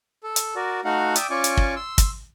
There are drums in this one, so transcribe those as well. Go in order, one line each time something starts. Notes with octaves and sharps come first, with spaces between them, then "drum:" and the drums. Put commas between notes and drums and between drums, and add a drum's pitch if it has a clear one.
A4
drum: hi-hat
F#4 A#4 D5
A3 D#4 F#4 F5 F#5
D5 E5 G5 D6 D#6, drum: hi-hat
C#4 F4 D5 G#5 C#6 D6
drum: hi-hat
drum: kick
C6 E6
drum: kick, hi-hat